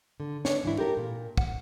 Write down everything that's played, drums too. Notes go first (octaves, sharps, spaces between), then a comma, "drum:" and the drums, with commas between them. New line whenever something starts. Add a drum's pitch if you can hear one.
D3
B3 D4 C#5, drum: snare
G#2 E3 D4 E4
G4 A4 A#4
A#2
F#5, drum: kick